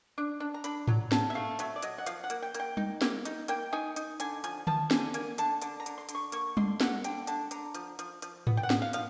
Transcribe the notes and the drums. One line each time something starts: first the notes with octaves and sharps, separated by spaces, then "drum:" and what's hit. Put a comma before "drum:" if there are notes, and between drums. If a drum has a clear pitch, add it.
D4
D4
A#5
D4 B5, drum: hi-hat
F#3 A#5, drum: tom G#2
F#3 A5, drum: snare
E5
A3 F5
F#3 E5, drum: hi-hat
D5
F#3 D#5, drum: hi-hat
F#5
F3 F5, drum: hi-hat
F#5
A#3, drum: hi-hat
G5
A#3, drum: hi-hat
G5
D#4, drum: tom G3
A#3, drum: snare
D#4, drum: hi-hat
A#3 G5, drum: hi-hat
D#4 G#5
D#4, drum: hi-hat
D3 G#5, drum: hi-hat
F3 G#5, drum: hi-hat
F3 A5, drum: tom D3
D3 G#5, drum: snare
A#3 G#5, drum: hi-hat
D3 A5, drum: hi-hat
D3 A5, drum: hi-hat
A#5
D3, drum: hi-hat
C6
D3, drum: hi-hat
C#6
A#3 C#6, drum: hi-hat
D3 C6, drum: tom G3
A#3 F#5, drum: snare
D3 G5, drum: hi-hat
D3 A5, drum: hi-hat
D3 A#5, drum: hi-hat
F3, drum: hi-hat
F3, drum: hi-hat
F3, drum: hi-hat
B3, drum: tom G#2
G5
F#5
F3, drum: snare
F5
F3 F5, drum: hi-hat